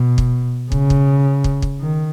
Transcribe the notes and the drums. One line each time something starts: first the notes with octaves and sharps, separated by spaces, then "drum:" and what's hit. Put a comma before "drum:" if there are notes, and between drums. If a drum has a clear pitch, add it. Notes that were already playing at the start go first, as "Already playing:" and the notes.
Already playing: B2
drum: kick
C#3, drum: kick
drum: kick
drum: kick
drum: kick
D#3